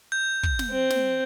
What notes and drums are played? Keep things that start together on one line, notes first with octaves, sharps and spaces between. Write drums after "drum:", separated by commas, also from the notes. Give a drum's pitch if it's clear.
G6
drum: kick
drum: snare
C4
drum: snare